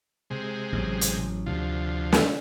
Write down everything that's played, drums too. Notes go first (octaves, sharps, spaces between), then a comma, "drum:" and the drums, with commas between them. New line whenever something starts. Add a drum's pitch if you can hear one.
C3 G#3
A1 F#3
drum: hi-hat
D2 C3 F3
drum: snare